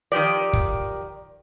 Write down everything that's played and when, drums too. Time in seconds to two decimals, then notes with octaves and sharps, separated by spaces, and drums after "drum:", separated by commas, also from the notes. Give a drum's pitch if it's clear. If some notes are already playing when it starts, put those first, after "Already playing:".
0.12 D#3 F3 G4 D5
0.53 drum: kick